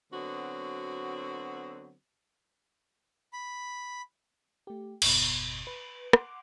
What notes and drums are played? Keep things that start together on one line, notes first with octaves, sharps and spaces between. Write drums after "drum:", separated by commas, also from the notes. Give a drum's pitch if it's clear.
D3 F#3 B3 C4 F#4
B5
A3 G4
G1 E2 B2, drum: cymbal
B4
F#5 C6 D6, drum: rim click